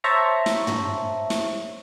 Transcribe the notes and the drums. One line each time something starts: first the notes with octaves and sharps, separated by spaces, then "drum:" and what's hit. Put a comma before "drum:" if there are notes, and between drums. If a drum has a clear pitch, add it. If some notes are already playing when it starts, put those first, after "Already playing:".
C5 C#5 E5 A5 A#5 C#6
drum: snare
drum: tom
drum: snare